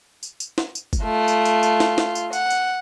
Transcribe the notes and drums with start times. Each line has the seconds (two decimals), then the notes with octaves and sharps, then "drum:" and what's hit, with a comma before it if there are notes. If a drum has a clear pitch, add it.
0.23 drum: tambourine
0.40 drum: tambourine
0.58 drum: snare
0.75 drum: tambourine
0.93 drum: kick F#1, tambourine
1.03 A3 F4
1.28 drum: tambourine
1.45 drum: tambourine
1.63 drum: tambourine
1.80 drum: snare
1.98 drum: snare
2.15 drum: tambourine
2.33 F#5, drum: tambourine
2.50 drum: tambourine